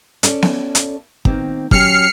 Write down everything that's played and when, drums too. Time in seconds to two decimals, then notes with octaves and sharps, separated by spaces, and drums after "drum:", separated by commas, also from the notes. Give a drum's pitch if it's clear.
0.23 C#4 A4 D5, drum: hi-hat
0.42 drum: snare B3
0.75 drum: hi-hat
1.25 D#3 A#3 C4, drum: kick
1.71 F#3 C#4 G4 F6 C7 C#7, drum: kick